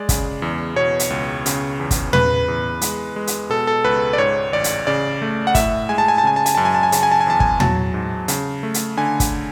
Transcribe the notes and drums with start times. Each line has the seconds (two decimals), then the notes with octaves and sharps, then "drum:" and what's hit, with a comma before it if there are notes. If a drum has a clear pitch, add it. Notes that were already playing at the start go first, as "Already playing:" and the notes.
Already playing: G#3 D5
0.09 C#3, drum: kick, hi-hat
0.42 E2
0.76 B2 C#5
0.99 drum: hi-hat
1.10 C#2
1.46 C#3, drum: hi-hat
1.80 E2
1.91 drum: kick, hi-hat
2.13 C#3 B4, drum: tom
2.48 E2
2.81 G#3, drum: hi-hat
3.16 G#3
3.27 drum: hi-hat
3.50 B2 A4
3.67 A4
3.84 C#2 B4
4.13 D5
4.18 G#2 C#5
4.52 A1 D5
4.64 drum: hi-hat
4.87 C#3 D5
5.22 A3
5.47 F#5
5.55 A2 E5, drum: kick, hi-hat
5.89 G#3 G#5
5.98 A5
6.08 G#5
6.18 A5
6.24 C#3 G#5
6.36 A5
6.46 G#5, drum: hi-hat
6.55 F#2 A5
6.65 G#5
6.75 A5
6.83 G#5
6.92 C#3 A5, drum: hi-hat
7.03 G#5
7.11 A5
7.21 G#5
7.27 E2 A5
7.40 G#5, drum: kick
7.60 F#3 A5, drum: tom
7.94 G#2
8.28 C#3, drum: hi-hat
8.63 A3
8.74 drum: hi-hat
8.97 D3 G#5
9.20 drum: kick, hi-hat